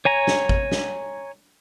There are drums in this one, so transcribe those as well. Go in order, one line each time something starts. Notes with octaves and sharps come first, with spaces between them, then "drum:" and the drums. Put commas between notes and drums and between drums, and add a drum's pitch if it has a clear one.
C#5 G#5 A#5
drum: snare
drum: kick G#1
drum: snare